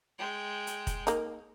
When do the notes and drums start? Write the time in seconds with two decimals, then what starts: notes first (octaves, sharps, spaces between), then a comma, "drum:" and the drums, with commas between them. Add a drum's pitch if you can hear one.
0.18 G#3 G5
0.67 drum: hi-hat
0.87 drum: kick, hi-hat
1.07 A#3 D#4, drum: hi-hat